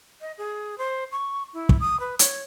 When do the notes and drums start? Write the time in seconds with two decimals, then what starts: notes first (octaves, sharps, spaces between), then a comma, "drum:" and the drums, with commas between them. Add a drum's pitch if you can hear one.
0.21 D#5
0.38 G#4
0.78 C5
1.12 C#6
1.53 E4
1.69 drum: kick
1.80 D#6
2.00 B4
2.19 C#5, drum: hi-hat